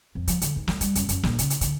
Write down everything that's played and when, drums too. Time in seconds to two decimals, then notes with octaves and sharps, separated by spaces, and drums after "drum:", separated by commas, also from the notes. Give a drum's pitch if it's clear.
0.15 F2
0.28 F3, drum: hi-hat
0.41 D3, drum: hi-hat
0.56 G#2
0.68 G#3, drum: snare
0.81 G3, drum: hi-hat
0.95 F#2, drum: hi-hat
1.09 F#2, drum: hi-hat
1.23 A#1, drum: snare
1.39 C#3, drum: hi-hat
1.50 drum: hi-hat
1.61 D3, drum: hi-hat